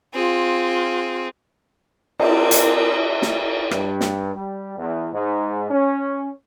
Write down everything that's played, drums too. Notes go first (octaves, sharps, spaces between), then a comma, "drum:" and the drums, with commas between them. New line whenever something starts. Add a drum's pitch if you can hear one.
C4 F4 G#4
C4 A#4 D5, drum: cymbal
drum: hi-hat
drum: snare
G2, drum: rim click
drum: snare
G3
E2
G#2
C#4